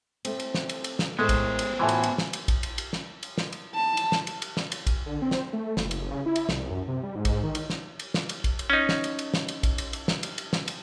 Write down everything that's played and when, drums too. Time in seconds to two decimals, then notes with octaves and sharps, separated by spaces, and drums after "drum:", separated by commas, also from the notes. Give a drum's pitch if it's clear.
0.25 A3 C4, drum: cymbal
0.40 drum: cymbal
0.54 drum: snare
0.69 drum: cymbal
0.84 drum: cymbal
0.99 drum: snare
1.19 A2 G#3 A3 B3 A#4 C5
1.29 drum: kick, cymbal
1.59 drum: cymbal
1.79 A2 E3 F4 F#4 A4 G#5 C6
1.89 drum: cymbal
2.03 drum: cymbal
2.18 drum: snare
2.33 drum: cymbal
2.48 drum: kick, cymbal
2.63 drum: cymbal
2.78 drum: cymbal
2.93 drum: snare
3.23 drum: cymbal
3.38 drum: snare
3.52 drum: cymbal
3.75 A5
3.97 drum: cymbal
4.12 drum: snare
4.27 drum: cymbal
4.42 drum: cymbal
4.57 drum: snare
4.72 drum: cymbal
4.87 drum: kick, cymbal
5.06 D3
5.22 C4
5.31 drum: snare
5.53 A3
5.77 F#1, drum: snare
5.91 drum: cymbal
6.11 C#3
6.26 E4
6.36 drum: cymbal
6.49 C2, drum: snare
6.71 F#2
6.88 C3
7.03 G3
7.16 G#2
7.25 drum: kick, cymbal
7.43 D#3
7.55 drum: cymbal
7.70 drum: snare
7.99 drum: cymbal
8.14 drum: snare
8.29 drum: cymbal
8.44 drum: kick, cymbal
8.59 drum: cymbal
8.70 C#4 D#4
8.89 drum: snare
9.04 drum: cymbal
9.19 drum: cymbal
9.34 drum: snare
9.48 drum: cymbal
9.63 drum: kick, cymbal
9.78 drum: cymbal
9.93 drum: cymbal
10.08 drum: snare
10.23 drum: cymbal
10.38 drum: cymbal
10.53 drum: snare
10.68 drum: cymbal